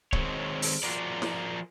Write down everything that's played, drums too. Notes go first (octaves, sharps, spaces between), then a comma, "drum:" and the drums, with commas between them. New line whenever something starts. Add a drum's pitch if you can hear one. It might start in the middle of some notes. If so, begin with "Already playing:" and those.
D#3 F#3 G#3 C4 C#5, drum: kick C#1
drum: open hi-hat
F3 F4 F#4 G#4 A#4 D5
drum: snare